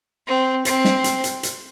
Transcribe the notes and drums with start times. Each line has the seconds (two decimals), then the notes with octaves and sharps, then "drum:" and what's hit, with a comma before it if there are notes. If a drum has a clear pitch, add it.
0.27 C4
0.65 C4, drum: hi-hat
0.85 drum: snare
1.04 drum: hi-hat
1.24 drum: hi-hat
1.43 drum: hi-hat